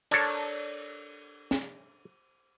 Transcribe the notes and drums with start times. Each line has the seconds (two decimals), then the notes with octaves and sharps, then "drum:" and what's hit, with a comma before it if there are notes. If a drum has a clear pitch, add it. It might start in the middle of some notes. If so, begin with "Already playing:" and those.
0.11 D4 A4 A#4 C#5, drum: cymbal
1.51 drum: snare